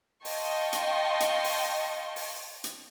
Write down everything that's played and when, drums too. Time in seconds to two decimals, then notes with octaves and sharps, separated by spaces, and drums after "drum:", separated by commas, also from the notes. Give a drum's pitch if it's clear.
0.25 D#5 F5 G5 A5 C6 C#6, drum: open hi-hat
0.73 drum: hi-hat
1.20 drum: hi-hat
1.44 drum: open hi-hat
2.16 drum: open hi-hat
2.64 drum: hi-hat